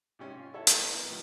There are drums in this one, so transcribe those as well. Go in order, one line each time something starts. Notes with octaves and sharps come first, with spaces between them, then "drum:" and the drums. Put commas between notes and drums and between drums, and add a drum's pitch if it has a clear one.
G#2 C3 C#4
F4
E4 A4 C#5 E5 F#5
B3 C4 E4, drum: hi-hat
A#3 B3
G#2 C3 F3